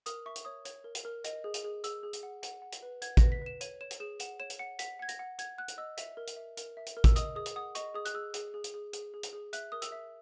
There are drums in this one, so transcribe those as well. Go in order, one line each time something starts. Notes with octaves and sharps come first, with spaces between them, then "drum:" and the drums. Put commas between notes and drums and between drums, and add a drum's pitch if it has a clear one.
A#4 D#6, drum: hi-hat
E5 C#6
drum: hi-hat
C#5 D#6
C#5, drum: hi-hat
A#4
drum: hi-hat
A#4
D#5, drum: hi-hat
G#4
drum: hi-hat
G#4
G#4 E6, drum: hi-hat
G#4
drum: hi-hat
F#5
F#5, drum: hi-hat
F#5
drum: hi-hat
B4
F#5 G#6, drum: hi-hat
B4 A#6, drum: kick A1, hi-hat
B6
B4 E7
C#5 D#7, drum: hi-hat
C#5 E7
drum: hi-hat
G#4 E7
F#5 E7, drum: hi-hat
C#5 E7
drum: hi-hat
F#5 C#7
F#5 B6, drum: hi-hat
F#5 G#6
A#6, drum: hi-hat
F#5
F#5 G#6, drum: hi-hat
F#5 F#6
drum: hi-hat
D#5 E6
E5, drum: hi-hat
A#4
drum: hi-hat
E5
A#4, drum: hi-hat
E5
drum: hi-hat
A#4
E6, drum: kick A1, hi-hat
D#5 D#6, drum: hi-hat
G#4 D#6
drum: hi-hat
F#5 D#6
D#5 C#6, drum: hi-hat
G#4 D#6
F#6, drum: hi-hat
G#4 E6
G#4, drum: hi-hat
G#4
drum: hi-hat
G#4
G#4, drum: hi-hat
G#4
drum: hi-hat
G#4
E5 F#6, drum: hi-hat
A#4 D#6
E6, drum: hi-hat
E5